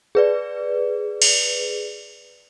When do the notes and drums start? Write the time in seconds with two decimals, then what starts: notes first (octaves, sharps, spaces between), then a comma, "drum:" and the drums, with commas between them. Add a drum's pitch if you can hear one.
0.15 G#4 B4 D5
1.22 drum: cymbal